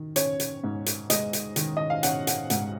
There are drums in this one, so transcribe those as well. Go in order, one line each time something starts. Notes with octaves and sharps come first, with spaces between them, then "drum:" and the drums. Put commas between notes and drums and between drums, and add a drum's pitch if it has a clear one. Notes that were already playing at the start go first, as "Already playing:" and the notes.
Already playing: D#3
C#4 C#5, drum: hi-hat
drum: hi-hat
G#2
drum: hi-hat
G#3 D#5, drum: hi-hat
drum: hi-hat
D#3, drum: hi-hat
D#5
F5
C#4 F#5, drum: hi-hat
F#5, drum: hi-hat
G#2 F#5, drum: hi-hat